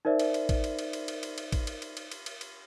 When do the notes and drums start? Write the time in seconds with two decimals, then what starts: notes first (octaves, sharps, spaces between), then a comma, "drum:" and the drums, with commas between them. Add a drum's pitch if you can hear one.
0.05 D#4 A#4 C5 D5 E5
0.20 drum: cymbal
0.34 drum: cymbal
0.49 drum: kick A1, cymbal
0.64 drum: cymbal
0.79 drum: cymbal
0.93 drum: cymbal
1.08 drum: cymbal
1.23 drum: cymbal
1.38 drum: cymbal
1.52 drum: kick A1, cymbal
1.67 drum: cymbal
1.82 drum: cymbal
1.97 drum: cymbal
2.12 drum: cymbal
2.26 drum: cymbal
2.41 drum: cymbal